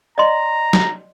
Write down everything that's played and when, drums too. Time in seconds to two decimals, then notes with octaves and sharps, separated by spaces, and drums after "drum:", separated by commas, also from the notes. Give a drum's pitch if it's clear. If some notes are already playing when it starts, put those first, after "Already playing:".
0.18 D5 D#5 A#5 C6
0.73 drum: snare